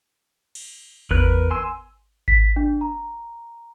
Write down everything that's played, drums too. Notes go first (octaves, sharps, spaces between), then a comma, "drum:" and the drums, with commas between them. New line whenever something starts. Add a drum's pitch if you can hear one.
drum: cymbal
E2 A#4 B4 F#6, drum: kick G#1
G#5 C6 E6
B6, drum: kick G#1
D4
A#5